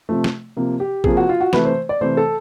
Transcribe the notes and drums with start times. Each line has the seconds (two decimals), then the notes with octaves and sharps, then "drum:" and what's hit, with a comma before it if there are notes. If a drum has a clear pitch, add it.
0.09 C3 F3 A3
0.24 drum: snare
0.57 C3 F3 A#3
0.80 G4
1.04 C3 F3 A#3 G#4, drum: kick
1.17 F#4
1.29 F4
1.41 F#4
1.53 C3 E3 A3 B4, drum: snare
1.65 C5
1.89 D5
2.01 C3 E3 A3 C5
2.17 A4